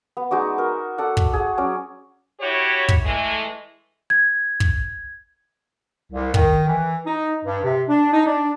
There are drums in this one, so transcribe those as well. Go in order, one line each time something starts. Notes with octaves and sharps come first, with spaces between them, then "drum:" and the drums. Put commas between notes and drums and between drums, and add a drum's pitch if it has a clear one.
B3
G#3 D#4 F#4 D5
A#4
A4 D5 F#5
drum: kick
G#4 F#5
F#3 C#4 D5
E4 F#4 G4 C#5
drum: kick
E3 G#3 A3
G#6
drum: kick
C2
D#3, drum: kick
E3
D#4
G2
C3
D4
D#4
D4